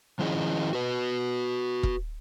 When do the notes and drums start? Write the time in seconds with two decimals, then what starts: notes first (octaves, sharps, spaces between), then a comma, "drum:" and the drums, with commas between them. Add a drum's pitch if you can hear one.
0.19 D#3 F3 C#4 E4 G#4 D#5
0.73 F#4 B4
1.83 drum: kick E1